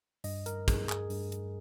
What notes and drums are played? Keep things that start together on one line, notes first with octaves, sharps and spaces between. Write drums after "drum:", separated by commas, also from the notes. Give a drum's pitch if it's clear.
G2 D#5, drum: open hi-hat
A#4, drum: hi-hat
G2 G#4, drum: kick, hi-hat
G#4, drum: clap
G2, drum: open hi-hat
drum: hi-hat